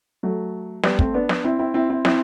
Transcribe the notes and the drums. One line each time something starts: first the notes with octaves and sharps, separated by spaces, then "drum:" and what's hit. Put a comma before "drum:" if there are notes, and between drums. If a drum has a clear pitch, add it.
F#3 A3
G3 B3, drum: snare
A3 C4, drum: kick
B3 D4
drum: snare
C4 E4
C4 E4
C4 E4
C4 E4
C4 E4, drum: snare